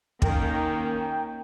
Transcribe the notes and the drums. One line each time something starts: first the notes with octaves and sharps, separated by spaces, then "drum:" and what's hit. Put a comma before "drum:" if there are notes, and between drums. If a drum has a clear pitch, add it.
D#3 A#3 C#4 G5, drum: kick